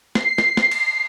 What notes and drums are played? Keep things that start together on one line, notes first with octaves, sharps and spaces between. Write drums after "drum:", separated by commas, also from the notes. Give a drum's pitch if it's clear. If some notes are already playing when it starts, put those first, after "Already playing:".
C7, drum: snare
drum: snare
drum: snare
drum: cymbal